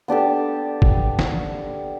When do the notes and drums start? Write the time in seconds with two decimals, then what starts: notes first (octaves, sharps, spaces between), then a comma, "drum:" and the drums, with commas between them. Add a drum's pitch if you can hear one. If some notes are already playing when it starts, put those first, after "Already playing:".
0.08 B3 D4 G4 A4
0.82 drum: kick
1.19 drum: snare